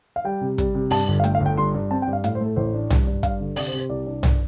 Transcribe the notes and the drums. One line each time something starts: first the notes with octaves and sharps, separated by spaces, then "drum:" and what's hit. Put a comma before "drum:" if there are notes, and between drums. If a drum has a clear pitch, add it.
F5
G3 G5
C3
G3, drum: kick, hi-hat
C3
G2 A5, drum: open hi-hat
G1
F5
A3 G5, drum: hi-hat
F5
G1
G5
G2 C6
G2
C4 A5
G5
G2
F5
A2 F5, drum: hi-hat
C5
A3
A4
A1 C5
D4
G2, drum: tom B1
G2
G2 F5, drum: kick, hi-hat
D3
C3 D5, drum: open hi-hat
C5
C3
C5
C2 D5
D4
drum: tom B1